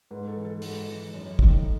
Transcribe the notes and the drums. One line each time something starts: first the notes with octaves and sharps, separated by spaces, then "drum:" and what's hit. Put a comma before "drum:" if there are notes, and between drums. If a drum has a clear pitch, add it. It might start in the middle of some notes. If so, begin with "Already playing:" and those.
G#2 B4
A4
E3
A4
G#2 A4, drum: open hi-hat
E3
F#2
D#3, drum: kick